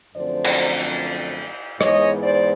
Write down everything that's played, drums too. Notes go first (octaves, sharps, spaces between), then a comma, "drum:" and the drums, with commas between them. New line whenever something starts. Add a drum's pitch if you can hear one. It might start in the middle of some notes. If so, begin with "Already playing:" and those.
F#2 D3 F3 A3 C4 C5 D5
drum: cymbal
G#2 E3 G#3 B3 C#5 D#5, drum: rim click
C5 D5